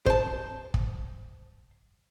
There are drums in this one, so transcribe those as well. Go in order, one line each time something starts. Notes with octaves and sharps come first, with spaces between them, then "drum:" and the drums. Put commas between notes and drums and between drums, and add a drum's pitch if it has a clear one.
C5 A5, drum: kick
drum: kick